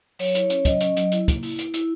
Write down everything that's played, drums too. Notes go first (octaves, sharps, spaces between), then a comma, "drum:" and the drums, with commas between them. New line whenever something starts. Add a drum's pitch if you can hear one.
F#3 C#5, drum: open hi-hat
E4, drum: hi-hat
C#4, drum: hi-hat
F#3 D#5, drum: kick, hi-hat
C#4, drum: hi-hat
F#3, drum: hi-hat
E4, drum: hi-hat
A#3, drum: kick, hi-hat
E4, drum: open hi-hat
E4, drum: hi-hat
E4, drum: hi-hat